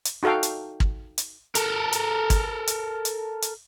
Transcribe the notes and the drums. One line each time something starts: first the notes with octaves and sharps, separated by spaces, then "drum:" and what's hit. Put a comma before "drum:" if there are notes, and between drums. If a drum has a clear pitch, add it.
drum: hi-hat
D#4 F#4 A4 F5 G5
drum: hi-hat
drum: kick
drum: hi-hat
A4 A#4, drum: hi-hat
drum: hi-hat
drum: kick, hi-hat
drum: hi-hat
drum: hi-hat
drum: hi-hat